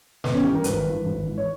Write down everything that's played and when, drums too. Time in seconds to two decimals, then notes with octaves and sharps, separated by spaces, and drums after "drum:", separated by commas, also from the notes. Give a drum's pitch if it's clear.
0.24 G#1 B3, drum: snare
0.33 C#4
0.44 G2 E3 G4
0.55 A#4
0.64 G#1 B4, drum: hi-hat
0.85 G2 E3
1.06 G#1
1.25 G#2 E3
1.38 C#5